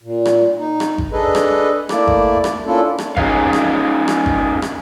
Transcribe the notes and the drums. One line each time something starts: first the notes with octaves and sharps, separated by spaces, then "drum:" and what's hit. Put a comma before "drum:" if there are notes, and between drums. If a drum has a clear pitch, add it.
A#2
drum: rim click
D#4
drum: rim click
drum: kick G#1
D4 G#4 A4 B4 D#5
drum: rim click
A3 A#3 E4 D5, drum: rim click
drum: kick G#1
drum: rim click
A#3 C#4 D4 E4 F4 A4
drum: rim click
G#3 A#3 C#4 D#4 B4 F5, drum: kick G#1
drum: rim click
drum: rim click
drum: kick G#1
drum: rim click